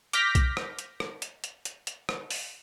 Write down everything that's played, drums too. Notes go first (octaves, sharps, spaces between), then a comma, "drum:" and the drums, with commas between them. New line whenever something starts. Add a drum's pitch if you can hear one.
D6 F6 G6 A#6 B6, drum: hi-hat
drum: kick B1, hi-hat
drum: rim click
drum: hi-hat
drum: rim click
drum: hi-hat
drum: hi-hat
drum: hi-hat
drum: hi-hat
drum: rim click
drum: open hi-hat